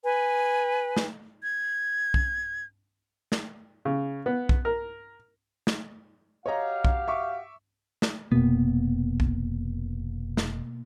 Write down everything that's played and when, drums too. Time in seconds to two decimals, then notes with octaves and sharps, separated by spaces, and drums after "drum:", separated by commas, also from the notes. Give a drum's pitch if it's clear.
0.04 B4 G#5
0.97 drum: snare
1.43 G#6
2.14 drum: kick B1
3.32 drum: snare
3.85 C#3
4.26 B3
4.49 drum: kick B1
4.65 A#4
5.67 drum: snare
6.46 F#4 G4 C#5 D#5 F5 A#5
6.85 drum: kick B1
7.08 E5 C#6 D6
8.02 drum: snare
8.32 F1 B2 A#3 B3
9.20 drum: kick B1
10.37 drum: snare